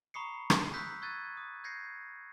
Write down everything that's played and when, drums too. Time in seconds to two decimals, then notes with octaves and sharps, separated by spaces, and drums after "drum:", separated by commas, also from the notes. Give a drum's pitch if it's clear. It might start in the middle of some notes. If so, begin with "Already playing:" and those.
0.14 A#5 B5 C#6 D#6 C7 C#7
0.50 drum: rim click
0.74 D#6 E6 F#6 G6 B6
1.02 C#6 E6 F#6 G#6 A6 D#7
1.37 D#6
1.64 G6 G#6 A#6 C7 C#7